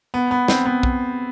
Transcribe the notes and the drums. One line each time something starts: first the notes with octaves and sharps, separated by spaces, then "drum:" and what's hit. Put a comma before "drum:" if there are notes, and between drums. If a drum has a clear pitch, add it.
B3
B3
C4, drum: snare
B3
drum: kick B1